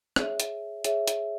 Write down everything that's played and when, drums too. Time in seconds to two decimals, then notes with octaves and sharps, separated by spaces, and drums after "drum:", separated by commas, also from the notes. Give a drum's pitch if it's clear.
0.16 G#4 C#5 E5, drum: rim click
0.40 drum: hi-hat
0.84 G#4 C#5 E5, drum: hi-hat
1.08 drum: hi-hat